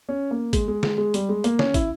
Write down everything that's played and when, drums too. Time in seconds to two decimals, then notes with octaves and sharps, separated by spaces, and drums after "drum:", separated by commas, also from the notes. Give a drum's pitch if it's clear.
0.09 C#4
0.31 A#3
0.53 G#3, drum: kick, hi-hat
0.68 G#3
0.83 G#3, drum: snare
0.98 G#3
1.14 G3, drum: hi-hat
1.29 G#3
1.44 A#3, drum: hi-hat
1.59 C#4, drum: snare
1.74 E4, drum: kick, hi-hat